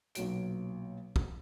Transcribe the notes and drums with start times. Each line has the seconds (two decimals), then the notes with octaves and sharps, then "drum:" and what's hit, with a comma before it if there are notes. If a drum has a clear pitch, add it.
0.15 B1 A#2 F#3 D7, drum: hi-hat
1.16 drum: kick